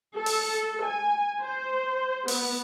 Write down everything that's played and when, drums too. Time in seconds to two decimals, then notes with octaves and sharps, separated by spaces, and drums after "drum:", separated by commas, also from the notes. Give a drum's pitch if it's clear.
0.16 A4
0.26 drum: open hi-hat
0.84 G#5
1.41 C5
2.28 B3, drum: open hi-hat